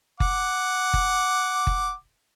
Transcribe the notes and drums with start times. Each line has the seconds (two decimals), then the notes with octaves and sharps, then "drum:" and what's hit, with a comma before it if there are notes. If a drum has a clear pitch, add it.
0.20 F#5 D6, drum: kick F#1
0.94 drum: kick F#1
1.67 drum: kick F#1